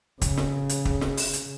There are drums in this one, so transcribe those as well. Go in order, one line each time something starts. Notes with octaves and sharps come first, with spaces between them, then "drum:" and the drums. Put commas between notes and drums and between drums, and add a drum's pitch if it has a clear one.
C#3, drum: kick, hi-hat
drum: snare
drum: hi-hat
drum: kick
drum: snare
drum: open hi-hat
drum: hi-hat